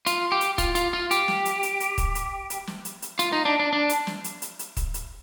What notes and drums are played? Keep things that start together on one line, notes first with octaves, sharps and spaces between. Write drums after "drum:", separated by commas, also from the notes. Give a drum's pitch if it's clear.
F4, drum: hi-hat
G4
drum: hi-hat
F4, drum: kick, hi-hat
F4, drum: hi-hat
F4
G4, drum: hi-hat
drum: snare
drum: hi-hat
drum: hi-hat
drum: hi-hat
drum: kick, hi-hat
drum: hi-hat
drum: hi-hat
drum: snare
drum: hi-hat
drum: hi-hat
F4, drum: hi-hat
D#4
D4
D4
D4
drum: hi-hat
drum: snare
drum: hi-hat
drum: hi-hat
drum: hi-hat
drum: kick, hi-hat
drum: hi-hat